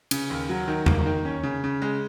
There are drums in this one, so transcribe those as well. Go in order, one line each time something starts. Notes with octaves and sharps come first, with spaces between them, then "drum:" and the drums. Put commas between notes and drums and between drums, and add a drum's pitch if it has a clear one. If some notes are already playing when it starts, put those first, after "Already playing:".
C#3, drum: cymbal
D#2
F#3
D#3
A#3, drum: tom E2
D#3
C#4
C#3
C#3
G#3